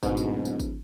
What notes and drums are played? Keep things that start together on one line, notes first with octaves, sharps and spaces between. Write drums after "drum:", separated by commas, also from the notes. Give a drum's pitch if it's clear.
D1 G#2 B2, drum: kick G#1, tambourine
drum: tambourine
drum: tambourine
drum: kick G#1, tambourine